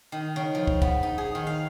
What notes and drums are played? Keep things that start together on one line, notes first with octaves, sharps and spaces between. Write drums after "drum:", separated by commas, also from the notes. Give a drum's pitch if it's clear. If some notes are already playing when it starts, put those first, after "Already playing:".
D#3
C#3
F3
drum: kick
B3, drum: kick
D#4
G#4
D#3
F5